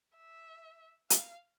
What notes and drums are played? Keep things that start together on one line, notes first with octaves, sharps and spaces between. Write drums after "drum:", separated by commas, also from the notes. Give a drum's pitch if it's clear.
E5
F5, drum: hi-hat